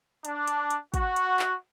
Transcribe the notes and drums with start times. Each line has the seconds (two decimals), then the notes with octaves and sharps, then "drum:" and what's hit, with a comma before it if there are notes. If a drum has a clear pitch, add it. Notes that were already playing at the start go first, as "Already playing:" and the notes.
0.25 D4, drum: hi-hat
0.48 drum: hi-hat
0.70 drum: hi-hat
0.94 F#4, drum: kick, hi-hat
1.16 drum: hi-hat
1.39 drum: clap